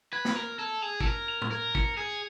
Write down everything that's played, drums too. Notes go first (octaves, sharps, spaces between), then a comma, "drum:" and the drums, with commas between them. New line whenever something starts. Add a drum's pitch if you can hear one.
B4 G#6
drum: snare
A#4 F7
A4 G#6
G#4 F7
A4, drum: kick
A#4 F7
F7
drum: tom A2
A#4 G#6
C#7, drum: kick
G#4 G#6